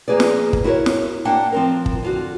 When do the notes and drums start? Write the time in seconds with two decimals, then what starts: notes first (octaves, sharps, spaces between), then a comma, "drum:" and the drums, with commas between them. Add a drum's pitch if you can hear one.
0.08 F2 F3 A#3 G#4 B4 D5
0.20 drum: snare
0.53 drum: kick
0.64 E4 F#4 A#4 B4 C#5
0.86 drum: snare
1.25 A#3 D4 F#5 G5
1.52 F3 C4 A#4
1.86 drum: kick
2.02 D3 F4 F#4